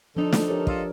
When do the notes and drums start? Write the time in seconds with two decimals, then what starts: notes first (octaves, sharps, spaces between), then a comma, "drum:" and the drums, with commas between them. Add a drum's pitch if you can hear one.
0.16 D3 F3 D4 D#4 A4
0.33 drum: snare
0.49 G4 A#4 C#5
0.67 F4 A4 D#5, drum: kick